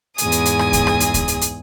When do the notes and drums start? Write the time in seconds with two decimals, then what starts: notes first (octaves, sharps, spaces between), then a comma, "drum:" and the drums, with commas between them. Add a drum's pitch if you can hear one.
0.18 E2 G#2 G#4 G#5 D#6, drum: hi-hat
0.32 drum: hi-hat
0.46 drum: hi-hat
0.59 drum: rim click
0.73 drum: kick C#2, hi-hat
0.87 drum: rim click
1.00 drum: hi-hat
1.14 drum: kick C#2, hi-hat
1.28 drum: hi-hat
1.42 drum: hi-hat